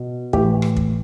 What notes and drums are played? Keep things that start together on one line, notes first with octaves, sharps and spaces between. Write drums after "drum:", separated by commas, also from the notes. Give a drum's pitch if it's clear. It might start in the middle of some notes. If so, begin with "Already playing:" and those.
Already playing: B2
A2 E3 E4 G4, drum: kick
drum: rim click
drum: kick